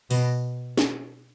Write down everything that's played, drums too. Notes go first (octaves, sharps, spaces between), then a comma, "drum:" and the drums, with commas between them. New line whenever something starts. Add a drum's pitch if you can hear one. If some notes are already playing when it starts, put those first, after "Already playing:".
B2, drum: open hi-hat
drum: snare